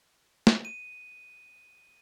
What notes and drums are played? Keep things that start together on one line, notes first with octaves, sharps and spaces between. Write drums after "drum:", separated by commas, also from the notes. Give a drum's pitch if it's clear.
drum: snare
D#7